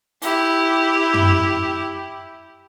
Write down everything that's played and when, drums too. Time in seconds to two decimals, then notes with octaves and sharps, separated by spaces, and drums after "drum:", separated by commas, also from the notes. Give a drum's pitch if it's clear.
0.22 E4 G4, drum: hi-hat
1.14 drum: tom